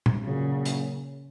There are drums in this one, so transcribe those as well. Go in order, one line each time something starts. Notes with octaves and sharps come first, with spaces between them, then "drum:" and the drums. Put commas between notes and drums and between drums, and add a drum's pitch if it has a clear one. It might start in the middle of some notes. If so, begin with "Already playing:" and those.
drum: tom
A#2 C#3 F#3 C#4
drum: hi-hat